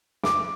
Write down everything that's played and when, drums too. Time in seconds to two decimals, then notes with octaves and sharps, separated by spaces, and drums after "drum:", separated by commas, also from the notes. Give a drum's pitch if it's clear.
0.24 D6, drum: snare